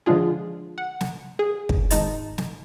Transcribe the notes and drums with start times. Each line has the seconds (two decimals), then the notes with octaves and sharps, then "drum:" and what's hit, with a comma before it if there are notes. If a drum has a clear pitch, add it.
0.06 D3 F3 G#3 D4 F4 G#4
0.78 F#5
1.01 drum: snare
1.39 G#4
1.69 drum: kick
1.90 G#1 G#2 D#4 D#5 A5, drum: hi-hat
2.38 drum: snare